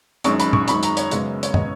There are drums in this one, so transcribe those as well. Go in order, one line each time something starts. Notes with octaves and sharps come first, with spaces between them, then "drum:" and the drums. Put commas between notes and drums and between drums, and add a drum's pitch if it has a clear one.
F#1 F#2 D#3 G#3 C#6, drum: hi-hat
B5, drum: hi-hat
C#6, drum: tom A#2
F#1 F#2 D#3 G#3 B5, drum: hi-hat
A#5, drum: hi-hat
C#5, drum: hi-hat
F#2 C#3 G#3 B3, drum: hi-hat
C#5, drum: hi-hat
C#3 G#3 B3 D#5, drum: tom